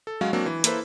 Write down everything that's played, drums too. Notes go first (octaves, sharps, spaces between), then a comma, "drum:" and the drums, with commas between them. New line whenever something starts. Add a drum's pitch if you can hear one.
A4
F#3 G#3 C#4 F#4 F5
F#3 A#3 C4 D4 F#4
E3
A#3 E4 A4 B4 C5, drum: hi-hat